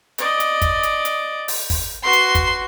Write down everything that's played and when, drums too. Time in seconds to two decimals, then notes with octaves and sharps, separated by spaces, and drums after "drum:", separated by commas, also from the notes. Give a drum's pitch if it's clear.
0.18 D5 D#5, drum: hi-hat
0.40 drum: hi-hat
0.62 drum: kick, hi-hat
0.83 drum: hi-hat
1.05 drum: hi-hat
1.48 drum: open hi-hat
1.70 drum: kick, open hi-hat
2.03 F#4 B4 C6
2.13 drum: hi-hat
2.35 drum: kick, hi-hat